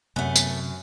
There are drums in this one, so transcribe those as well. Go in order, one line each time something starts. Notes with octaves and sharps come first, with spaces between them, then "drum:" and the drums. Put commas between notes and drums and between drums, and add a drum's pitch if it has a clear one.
F#2 C3 A3 B3
drum: tambourine